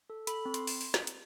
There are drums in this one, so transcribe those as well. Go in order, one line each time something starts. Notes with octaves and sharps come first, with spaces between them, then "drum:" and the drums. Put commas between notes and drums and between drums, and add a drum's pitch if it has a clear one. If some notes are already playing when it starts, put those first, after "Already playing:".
A4
A4 B5, drum: hi-hat
C4
C6, drum: hi-hat
drum: open hi-hat
drum: open hi-hat
drum: snare
drum: hi-hat